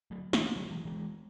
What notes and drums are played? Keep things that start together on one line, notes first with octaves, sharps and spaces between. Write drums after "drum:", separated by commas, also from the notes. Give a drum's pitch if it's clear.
F#3 A3
E3 G#3, drum: snare
F#3 A3
E3 G#3
E3 G#3